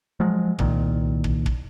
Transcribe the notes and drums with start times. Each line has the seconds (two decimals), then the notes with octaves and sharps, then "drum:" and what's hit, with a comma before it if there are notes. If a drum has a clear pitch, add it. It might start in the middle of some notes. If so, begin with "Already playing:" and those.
0.20 F3 F#3 G#3
0.59 C2 A#2 D#3, drum: kick
1.24 drum: kick
1.46 drum: kick